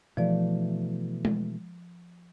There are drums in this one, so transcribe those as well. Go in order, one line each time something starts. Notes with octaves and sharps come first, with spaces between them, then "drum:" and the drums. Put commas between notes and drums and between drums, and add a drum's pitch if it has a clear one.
B2 E3 F3 A3 D5
drum: tom G#3